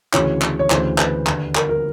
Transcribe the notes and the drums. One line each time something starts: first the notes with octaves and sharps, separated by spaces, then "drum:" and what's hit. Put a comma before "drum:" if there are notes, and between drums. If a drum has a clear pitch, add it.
D2 C#3 E3 C#5, drum: clap
drum: clap
C#5
D2 C#3 E3 C5, drum: clap
B4, drum: clap
D#2 D3, drum: clap
A#4, drum: clap
A#4